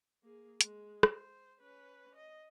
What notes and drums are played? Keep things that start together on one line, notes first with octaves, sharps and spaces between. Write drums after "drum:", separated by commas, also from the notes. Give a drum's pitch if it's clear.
A#3 G#4
G#3, drum: hi-hat
C5, drum: rim click
C#4 B4
D#5